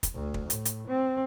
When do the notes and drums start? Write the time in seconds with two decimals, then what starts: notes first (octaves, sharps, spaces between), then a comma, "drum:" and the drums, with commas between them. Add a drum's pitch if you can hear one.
0.03 drum: kick, hi-hat
0.14 D2
0.34 drum: kick
0.50 A2, drum: hi-hat
0.65 drum: hi-hat
0.88 C4